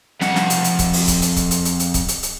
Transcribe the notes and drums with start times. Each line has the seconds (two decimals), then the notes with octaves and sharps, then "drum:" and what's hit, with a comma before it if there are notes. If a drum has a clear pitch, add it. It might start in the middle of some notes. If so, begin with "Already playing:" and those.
0.21 F2 F#5, drum: snare
0.36 drum: snare
0.50 drum: hi-hat
0.64 drum: hi-hat
0.79 drum: kick C#1, hi-hat
0.93 drum: open hi-hat
1.08 drum: kick C#1, hi-hat
1.22 drum: hi-hat
1.36 drum: kick C#1, hi-hat
1.51 drum: hi-hat
1.65 drum: hi-hat
1.80 drum: hi-hat
1.94 drum: kick C#1, hi-hat
2.09 drum: hi-hat
2.23 drum: hi-hat